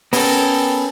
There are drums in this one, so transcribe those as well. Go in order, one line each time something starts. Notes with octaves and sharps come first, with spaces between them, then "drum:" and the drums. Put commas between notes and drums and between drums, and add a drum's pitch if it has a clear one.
B3 C#4 A4 A#4 G5, drum: open hi-hat